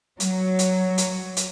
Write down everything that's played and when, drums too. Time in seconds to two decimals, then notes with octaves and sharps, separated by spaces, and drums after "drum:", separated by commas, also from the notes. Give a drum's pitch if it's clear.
0.20 F#3, drum: hi-hat
0.59 drum: hi-hat
0.98 drum: hi-hat
1.37 drum: hi-hat